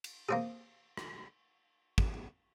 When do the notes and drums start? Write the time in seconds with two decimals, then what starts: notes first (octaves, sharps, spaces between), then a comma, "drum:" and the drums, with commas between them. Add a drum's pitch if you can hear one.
0.04 drum: cymbal
0.29 A#3 C4 G#4
0.97 drum: rim click
1.98 drum: kick